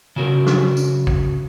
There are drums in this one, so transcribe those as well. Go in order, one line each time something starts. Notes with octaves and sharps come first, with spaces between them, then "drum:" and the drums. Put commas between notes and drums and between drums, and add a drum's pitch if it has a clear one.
C#3 F#4 A#4
drum: snare
drum: tambourine
drum: kick